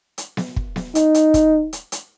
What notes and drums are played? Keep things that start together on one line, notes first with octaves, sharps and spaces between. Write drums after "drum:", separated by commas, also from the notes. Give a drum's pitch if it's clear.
drum: hi-hat
drum: snare B3
drum: kick
drum: snare B3
D#4, drum: hi-hat
drum: hi-hat
drum: kick, hi-hat
drum: hi-hat
drum: hi-hat